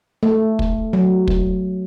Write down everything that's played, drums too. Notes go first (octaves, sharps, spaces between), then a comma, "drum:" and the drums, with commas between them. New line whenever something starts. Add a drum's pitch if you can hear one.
A3
drum: kick
F#3
drum: kick